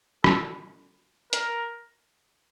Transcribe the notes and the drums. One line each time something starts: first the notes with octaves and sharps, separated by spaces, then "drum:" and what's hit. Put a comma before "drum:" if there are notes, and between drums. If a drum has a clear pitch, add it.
A4, drum: rim click
A#4, drum: hi-hat